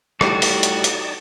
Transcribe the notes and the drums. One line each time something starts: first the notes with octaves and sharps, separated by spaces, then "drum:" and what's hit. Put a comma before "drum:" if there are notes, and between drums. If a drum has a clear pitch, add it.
A2 G3 D#4 F#4 D5 A5, drum: rim click
drum: open hi-hat
drum: hi-hat
drum: hi-hat